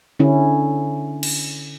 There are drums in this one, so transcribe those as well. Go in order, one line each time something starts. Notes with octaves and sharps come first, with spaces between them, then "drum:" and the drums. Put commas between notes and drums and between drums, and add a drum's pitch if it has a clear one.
D3 C#4 E4
drum: cymbal